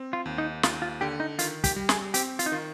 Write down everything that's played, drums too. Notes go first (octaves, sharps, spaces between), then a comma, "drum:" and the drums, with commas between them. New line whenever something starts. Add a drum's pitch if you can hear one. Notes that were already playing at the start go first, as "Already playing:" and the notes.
Already playing: C4
F4
D#2
D#4
D#2 F4, drum: snare
F4
D3 G4
D#4
D#3 F4, drum: hi-hat
G4, drum: kick, hi-hat
G3
G#4, drum: snare
C4 G4, drum: hi-hat
F4, drum: hi-hat
D#4
D#3 F4